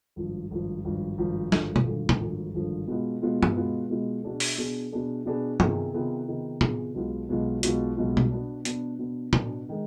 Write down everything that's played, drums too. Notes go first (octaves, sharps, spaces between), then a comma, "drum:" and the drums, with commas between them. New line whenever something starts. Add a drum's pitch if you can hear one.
G#1 G2 F3
G#1 G2 F3
G#1 G2 F3
G#1 G2 F3
G#1 G2 D3 F3, drum: snare
drum: tom B2
G#1 G2 D3 F3
drum: tom A2
G#1 G2 D3 F3
G#1 G2 D3 F3
B2 G#3 B3 F4
B2 G#3 B3 F4
drum: tom G2
B2 G#3 B3 F4
B2 G#3 B3 F4
B2 B3 D4 G#4
drum: open hi-hat
B2 B3 D4 G#4
B2 B3 D4 G#4
B2 B3 D4 G#4
C3 D#3 B3 F4 G#4, drum: tom G2
C3 D#3 B3 F4 G#4
C3 D#3 B3 F4 G#4
C3 D#3 B3 F4 G#4, drum: tom A2
B1 B2 G#3 B3 F4
B1 B2 G#3 B3 F4
B1 B2 G#3 B3 F4, drum: hi-hat
B1 B2 G#3 B3 F4
drum: tom B2
B2 B3 D4
B2 B3 D4, drum: hi-hat
B2 B3 D4
B2 B3 D4, drum: tom A2
D#3 G#3